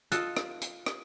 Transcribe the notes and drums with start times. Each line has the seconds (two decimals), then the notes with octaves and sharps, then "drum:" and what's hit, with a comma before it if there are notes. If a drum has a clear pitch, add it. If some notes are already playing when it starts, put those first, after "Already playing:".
0.12 F4 A4 D#5 F#6, drum: hi-hat
0.37 drum: rim click
0.61 drum: hi-hat
0.86 drum: rim click